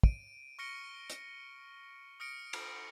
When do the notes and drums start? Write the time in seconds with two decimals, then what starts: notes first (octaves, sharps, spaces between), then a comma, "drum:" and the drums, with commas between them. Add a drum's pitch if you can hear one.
0.03 D7 D#7, drum: kick
0.59 C#6 F6 A#6 C#7 D7 G7
1.10 drum: hi-hat
2.20 D#6 F6 A#6 C#7 D7
2.53 drum: cymbal